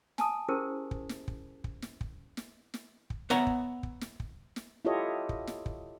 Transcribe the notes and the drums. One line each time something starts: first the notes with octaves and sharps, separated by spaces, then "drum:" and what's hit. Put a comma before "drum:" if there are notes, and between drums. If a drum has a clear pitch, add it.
G#5 A5 D#6, drum: snare
C#4 E4 G4 G#4 A#4 C5
drum: kick
drum: snare
drum: kick
drum: kick
drum: snare
drum: kick
drum: snare
drum: snare
drum: kick
B3 C#5 E5 F#5 A#5, drum: snare
drum: kick
drum: kick
drum: snare
drum: kick
drum: snare
E4 F4 G4 A4 C#5 D#5
drum: kick
drum: snare
drum: kick